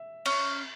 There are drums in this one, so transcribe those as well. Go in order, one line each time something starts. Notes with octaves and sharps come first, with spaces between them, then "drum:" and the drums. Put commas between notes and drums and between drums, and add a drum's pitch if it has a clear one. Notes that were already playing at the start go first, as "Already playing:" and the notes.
Already playing: E5
C#4, drum: cymbal